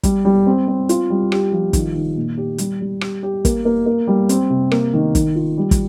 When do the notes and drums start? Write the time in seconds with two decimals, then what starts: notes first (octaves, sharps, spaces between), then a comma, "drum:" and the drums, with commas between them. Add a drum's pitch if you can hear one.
0.03 G3, drum: kick, hi-hat
0.25 G3
0.47 C4
0.68 C4
0.89 F4, drum: hi-hat
1.10 G3
1.32 G4, drum: rim click
1.52 F3
1.73 D#3, drum: kick, hi-hat
1.95 D#3
2.17 A#2
2.37 G4
2.58 G3, drum: hi-hat
2.80 G3
3.01 G4, drum: rim click
3.23 G4
3.45 A#3, drum: kick, hi-hat
3.65 A#3
3.86 A#3
4.07 G3
4.29 C4, drum: hi-hat
4.50 C3
4.71 A#3, drum: rim click
4.94 D#3
5.15 D#3, drum: kick, hi-hat
5.35 F4
5.58 G3
5.71 drum: kick, hi-hat